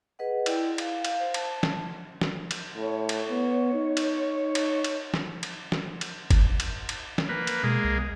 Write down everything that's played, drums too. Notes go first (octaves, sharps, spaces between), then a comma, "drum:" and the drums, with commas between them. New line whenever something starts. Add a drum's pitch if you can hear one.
G#4 B4 D#5 F#5
E4 D5 G5, drum: cymbal
F5, drum: cymbal
F5, drum: cymbal
C5
A5, drum: cymbal
drum: snare
drum: snare
drum: cymbal
A2 C#5
drum: cymbal
B3
D#4
drum: cymbal
drum: cymbal
drum: cymbal
drum: snare
drum: cymbal
drum: snare
drum: cymbal
drum: kick, cymbal
drum: cymbal
drum: cymbal
drum: snare
A#3 B4
drum: cymbal
B2 G#3 A#3
C2